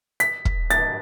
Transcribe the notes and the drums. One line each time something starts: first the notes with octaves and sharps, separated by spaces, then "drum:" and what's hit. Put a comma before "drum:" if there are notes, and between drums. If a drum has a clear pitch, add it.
B6, drum: hi-hat
drum: kick
A6, drum: hi-hat